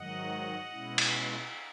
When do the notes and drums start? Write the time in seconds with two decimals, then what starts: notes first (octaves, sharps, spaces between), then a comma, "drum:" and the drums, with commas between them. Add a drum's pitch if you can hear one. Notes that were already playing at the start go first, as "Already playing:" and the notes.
Already playing: G#2 D#3 F#3 D#5 F#5
0.70 B2 G#3 C#4 E4
0.98 drum: cymbal